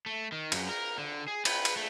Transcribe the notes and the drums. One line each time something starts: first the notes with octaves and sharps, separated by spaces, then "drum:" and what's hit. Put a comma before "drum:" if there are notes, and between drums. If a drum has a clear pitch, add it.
A3
D#3
F#2, drum: cymbal
A#4
D3
G#4
B4, drum: cymbal
drum: cymbal
A3